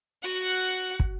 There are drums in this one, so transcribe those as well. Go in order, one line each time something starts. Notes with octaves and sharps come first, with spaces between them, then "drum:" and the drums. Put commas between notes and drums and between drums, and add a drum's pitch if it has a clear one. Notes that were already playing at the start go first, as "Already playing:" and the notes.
F#4 F#5
drum: kick